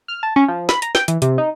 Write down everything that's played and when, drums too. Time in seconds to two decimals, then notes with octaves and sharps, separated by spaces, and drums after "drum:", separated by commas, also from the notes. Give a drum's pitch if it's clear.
0.08 F6
0.23 A5
0.36 C#4
0.48 F3
0.69 B5, drum: snare
0.82 A#5, drum: hi-hat
0.95 G5, drum: snare
1.08 E3, drum: hi-hat
1.22 C3, drum: hi-hat
1.38 D#4